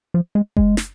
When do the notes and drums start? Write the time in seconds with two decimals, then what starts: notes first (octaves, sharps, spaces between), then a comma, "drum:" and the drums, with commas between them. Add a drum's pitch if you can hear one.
0.14 F3
0.35 G#3
0.57 G#3, drum: kick F#1
0.77 drum: snare